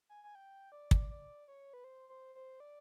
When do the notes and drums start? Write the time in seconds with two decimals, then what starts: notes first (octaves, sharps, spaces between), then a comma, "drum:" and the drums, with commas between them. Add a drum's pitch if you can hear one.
0.09 G#5
0.24 G#5
0.35 G5
0.72 D5
0.91 drum: kick
1.10 D5
1.48 C#5
1.74 B4
1.84 C5
2.09 C5
2.35 C5
2.60 D5